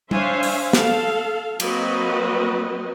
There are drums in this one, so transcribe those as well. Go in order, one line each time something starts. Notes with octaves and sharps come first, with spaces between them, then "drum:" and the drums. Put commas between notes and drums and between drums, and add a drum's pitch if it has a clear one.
D4 C5 C#5 E5 F5 G#5, drum: tom G3
drum: open hi-hat
A4 F5, drum: snare
F#3 A#3 C4 F#4 B4 D#5, drum: cymbal